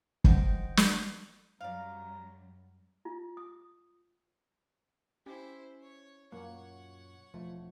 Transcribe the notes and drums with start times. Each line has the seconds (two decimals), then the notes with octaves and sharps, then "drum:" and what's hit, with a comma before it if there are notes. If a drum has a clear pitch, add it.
0.24 C5 D#5 F#5 G5, drum: kick
0.77 drum: snare
1.60 F#2 F#3 G3 D5 F5 A#5
3.05 F4
3.37 D#6
5.26 C#4 E4 G4 C5
5.82 C#5
6.32 F#2 A#2 F#3 A#3 C#5 F#5
7.34 E1 F3 A3